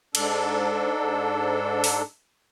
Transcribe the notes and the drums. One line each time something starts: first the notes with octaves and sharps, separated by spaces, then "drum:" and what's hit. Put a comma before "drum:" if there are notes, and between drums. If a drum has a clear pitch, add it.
G#2 D4 A4, drum: cymbal
drum: open hi-hat